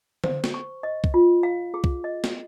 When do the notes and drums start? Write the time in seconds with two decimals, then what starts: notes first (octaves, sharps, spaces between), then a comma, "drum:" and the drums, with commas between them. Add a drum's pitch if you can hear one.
0.24 C5, drum: tom D3
0.44 drum: snare
0.54 C#6
0.83 D#5
1.04 drum: kick
1.14 F4
1.43 F5
1.74 G#4
1.84 drum: kick
2.04 D#5
2.24 drum: snare